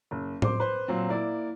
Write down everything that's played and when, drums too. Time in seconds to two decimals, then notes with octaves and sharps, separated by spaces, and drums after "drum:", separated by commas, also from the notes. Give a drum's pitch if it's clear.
0.11 F#1
0.42 C5 C6 D6, drum: tom A2
0.60 B4 C5
0.88 A#2 F#3 C4
1.09 A#3 E4 D5